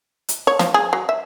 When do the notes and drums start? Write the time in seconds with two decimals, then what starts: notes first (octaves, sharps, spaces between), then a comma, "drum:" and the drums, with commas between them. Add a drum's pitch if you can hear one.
0.29 drum: hi-hat
0.47 C#5
0.59 F3, drum: snare
0.74 G#4
0.93 F#3
1.09 E5